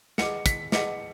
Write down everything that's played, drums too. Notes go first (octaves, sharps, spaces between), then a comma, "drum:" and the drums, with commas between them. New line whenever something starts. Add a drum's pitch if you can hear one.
G#4 B4 D#5 F#5 A5 C#7, drum: snare
B6, drum: kick, hi-hat
G#4 B4 D#5 F#5 A5 C#7, drum: snare